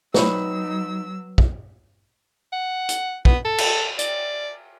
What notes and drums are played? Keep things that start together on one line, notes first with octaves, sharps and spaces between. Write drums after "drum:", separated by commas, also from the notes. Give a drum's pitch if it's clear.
F#3 C4 D#4 B4 C#5 B5 E6, drum: snare
drum: kick
F#5
drum: hi-hat
B3, drum: kick
A4
drum: cymbal
D5, drum: hi-hat